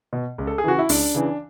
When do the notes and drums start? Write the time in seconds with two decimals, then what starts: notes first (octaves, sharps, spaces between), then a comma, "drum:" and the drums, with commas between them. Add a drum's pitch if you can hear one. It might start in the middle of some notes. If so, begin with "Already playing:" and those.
0.13 B2
0.38 C#2
0.47 A4
0.58 G#4
0.64 C#3 E3 F#4
0.79 E4
0.89 C#2 D4, drum: open hi-hat
1.15 C#3 E3